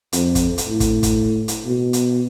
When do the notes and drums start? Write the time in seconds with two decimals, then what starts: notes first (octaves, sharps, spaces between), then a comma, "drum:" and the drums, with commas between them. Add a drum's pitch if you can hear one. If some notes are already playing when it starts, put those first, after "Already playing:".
0.12 F2, drum: hi-hat
0.35 drum: kick, hi-hat
0.58 drum: hi-hat
0.67 A2
0.80 drum: kick, hi-hat
1.03 drum: kick, hi-hat
1.48 drum: hi-hat
1.66 B2
1.93 drum: hi-hat